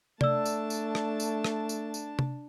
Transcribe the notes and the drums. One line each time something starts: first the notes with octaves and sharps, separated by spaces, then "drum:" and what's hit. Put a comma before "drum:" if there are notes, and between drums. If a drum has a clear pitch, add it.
A3 D4 D5 A5 E6, drum: tom C3
drum: tambourine
drum: tambourine
drum: rim click
drum: tambourine
drum: rim click
drum: tambourine
drum: tambourine
drum: tom C3